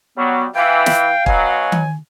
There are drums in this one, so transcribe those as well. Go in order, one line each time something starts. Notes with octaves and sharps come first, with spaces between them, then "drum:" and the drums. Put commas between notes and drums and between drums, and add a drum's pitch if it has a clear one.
F#3 G3 B3
E3 F5 G5
drum: snare
B2 F#3 G#5, drum: kick
drum: tom D#3